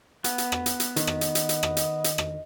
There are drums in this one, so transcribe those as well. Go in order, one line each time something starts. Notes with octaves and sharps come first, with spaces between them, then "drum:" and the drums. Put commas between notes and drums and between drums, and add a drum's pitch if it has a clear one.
B3, drum: hi-hat
drum: hi-hat
drum: rim click
drum: hi-hat
drum: hi-hat
D#3 D#5, drum: hi-hat
drum: rim click
drum: hi-hat
drum: hi-hat
drum: hi-hat
drum: rim click
drum: hi-hat
drum: hi-hat
drum: rim click